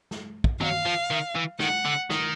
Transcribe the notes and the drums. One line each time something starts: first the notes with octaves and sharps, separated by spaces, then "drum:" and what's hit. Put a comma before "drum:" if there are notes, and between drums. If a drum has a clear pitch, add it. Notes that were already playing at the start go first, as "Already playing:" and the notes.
drum: snare
drum: kick
F#3 F5, drum: tom D#3
F3
D#3
E3
D#3 F#5, drum: snare
D3
D#3, drum: snare